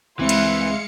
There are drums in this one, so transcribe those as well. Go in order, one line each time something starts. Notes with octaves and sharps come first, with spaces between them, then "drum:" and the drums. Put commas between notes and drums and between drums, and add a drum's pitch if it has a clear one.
C#2 E3 G#3 C4 E5 F5 C6 C#7
drum: cymbal